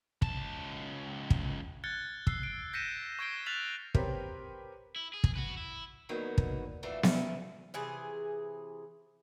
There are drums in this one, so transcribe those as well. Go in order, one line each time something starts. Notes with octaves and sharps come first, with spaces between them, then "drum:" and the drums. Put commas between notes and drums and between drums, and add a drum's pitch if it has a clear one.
C#2 A5, drum: kick
drum: kick
F6 F#6 G#6 A6 C#7 G7
E6 F#6 C7, drum: kick
D7
G6 A#6 B6 C#7 D#7 E7
C#6 G6 G#6 C7 D7 G7
F6 F#6 A6 B6 F7 F#7
C4 G4 A#4 B4 C#5, drum: kick
E4
G#4
drum: kick
F#4 B4
E4
D3 D#3 F#3 A#3 B3 D#4
drum: kick
E3 A3 D4 F4 F#4
D#2 C#3 A3 C#4 E4, drum: snare B3
C3 E3 G#4